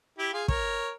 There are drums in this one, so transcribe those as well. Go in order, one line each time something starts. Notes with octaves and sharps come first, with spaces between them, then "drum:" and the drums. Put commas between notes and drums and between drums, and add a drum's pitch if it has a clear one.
E4 G4
F4 G#4
A#4 C#5, drum: kick